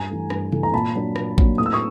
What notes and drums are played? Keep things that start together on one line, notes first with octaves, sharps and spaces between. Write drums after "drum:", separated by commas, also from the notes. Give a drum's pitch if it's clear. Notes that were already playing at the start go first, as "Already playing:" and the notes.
Already playing: G2 G#5 A#5
E3 A3
G2, drum: rim click
E3 A3, drum: tom C3
A#5
A#2 A5 B5
F#3 A#3 D4
A#2, drum: rim click
F#3 A#3 D4, drum: kick A1
A2 D#6
E6
C#6 D#6